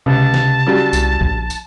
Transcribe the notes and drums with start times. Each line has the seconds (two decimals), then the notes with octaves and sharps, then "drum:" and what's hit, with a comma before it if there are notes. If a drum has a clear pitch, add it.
0.06 C#2 C3 A5
0.34 drum: snare
0.67 C#3 F#3 G3
0.93 C2, drum: tambourine
1.21 A#1, drum: kick
1.50 drum: tambourine